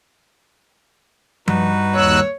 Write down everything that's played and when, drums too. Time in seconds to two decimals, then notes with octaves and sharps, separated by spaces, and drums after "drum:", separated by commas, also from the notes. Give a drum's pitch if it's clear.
1.48 G2 D#4 F#4 B4, drum: tom F3
1.94 D#2 C#5 E6 F#6